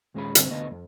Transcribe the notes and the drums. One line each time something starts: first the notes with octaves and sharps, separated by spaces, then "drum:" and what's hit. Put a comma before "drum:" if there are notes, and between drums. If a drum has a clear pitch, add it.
D#2 A#2 G#3 C#4 G#4 B5
G2 D3 C4, drum: hi-hat
D2 D3 A#3 B3 D#5
F2